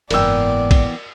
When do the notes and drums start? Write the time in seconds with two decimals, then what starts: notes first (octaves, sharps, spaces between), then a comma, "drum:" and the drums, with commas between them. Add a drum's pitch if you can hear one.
0.11 F#1 G#2 E3 B3 A#4 D5 G5 E6, drum: cymbal
0.71 drum: kick, cymbal